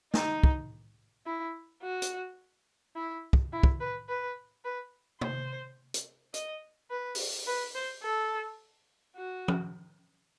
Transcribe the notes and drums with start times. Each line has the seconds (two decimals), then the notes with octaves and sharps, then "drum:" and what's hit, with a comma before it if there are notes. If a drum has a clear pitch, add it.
0.14 D#4, drum: snare
0.43 drum: kick
1.26 E4
1.83 F#4
2.02 drum: hi-hat
2.96 E4
3.33 drum: kick
3.53 E4
3.63 drum: kick
3.80 B4
4.09 B4
4.65 B4
5.21 C5, drum: tom
5.94 drum: hi-hat
6.34 D#5, drum: hi-hat
6.90 B4
7.15 drum: open hi-hat
7.47 B4
7.75 C5
8.03 A4
9.16 F#4
9.48 drum: tom F3